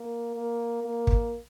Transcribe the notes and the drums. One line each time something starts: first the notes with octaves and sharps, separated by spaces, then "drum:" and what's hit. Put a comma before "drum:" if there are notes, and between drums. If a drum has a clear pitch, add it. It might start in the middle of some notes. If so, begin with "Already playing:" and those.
Already playing: A#3
A#3
A#3
drum: kick